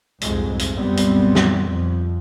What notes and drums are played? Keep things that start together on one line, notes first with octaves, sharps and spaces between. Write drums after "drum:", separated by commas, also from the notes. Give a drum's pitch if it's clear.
C2 F2 G#2 G#3 C4, drum: hi-hat
drum: hi-hat
C2 F#2 A#2 G3 B3 C4
drum: hi-hat
drum: snare
F2